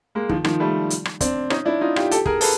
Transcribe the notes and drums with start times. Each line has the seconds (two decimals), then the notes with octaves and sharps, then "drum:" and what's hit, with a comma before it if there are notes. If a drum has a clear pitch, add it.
0.15 G#3 A#3
0.29 D#3 F3, drum: kick
0.44 D#3 F3, drum: rim click
0.60 G3 A3
0.90 drum: hi-hat
1.05 drum: rim click
1.21 C4 D4, drum: kick, hi-hat
1.50 C#4 D#4, drum: rim click
1.65 D4 E4
1.81 D#4 F4
1.96 F4 G4, drum: rim click
2.11 G4 A4, drum: hi-hat
2.26 G#4 A#4, drum: kick
2.41 A4 B4, drum: open hi-hat